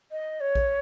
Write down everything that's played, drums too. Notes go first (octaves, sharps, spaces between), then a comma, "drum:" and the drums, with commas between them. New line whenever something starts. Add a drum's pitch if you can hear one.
D#5
C#5
drum: kick